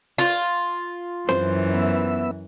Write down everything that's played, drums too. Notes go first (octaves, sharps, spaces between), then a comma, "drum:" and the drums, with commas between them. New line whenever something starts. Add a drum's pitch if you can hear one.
F4, drum: open hi-hat
F#2 E3 C5, drum: snare C4
B3 E5